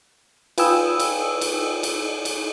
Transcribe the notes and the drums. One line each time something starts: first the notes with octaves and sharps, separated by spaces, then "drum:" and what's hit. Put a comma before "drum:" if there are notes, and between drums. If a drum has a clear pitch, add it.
F4 B4 G5 G#5 D#6 E6, drum: cymbal
drum: cymbal
drum: cymbal
drum: cymbal
drum: cymbal